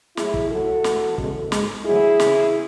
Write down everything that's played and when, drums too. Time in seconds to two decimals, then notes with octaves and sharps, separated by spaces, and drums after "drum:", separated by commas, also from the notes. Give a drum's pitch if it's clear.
0.17 A2 F#3 A3 E4 G#4, drum: snare
0.34 drum: kick
0.51 A2 F#3 A3 F#4 A4
0.84 G#2 E3 A3, drum: snare
1.18 E2 C#3 G#3, drum: kick
1.52 G#2 G#3, drum: snare
1.86 E2 D3 F#3 A3 E4 G#4
2.20 E2 C#3 E3, drum: snare